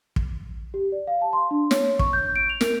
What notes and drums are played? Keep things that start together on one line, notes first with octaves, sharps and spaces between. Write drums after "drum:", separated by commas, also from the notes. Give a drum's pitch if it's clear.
drum: kick
G4
D5
F5
A5
C6
D4
C#5, drum: snare
C#6, drum: kick
G6
D7
F7
A#4, drum: snare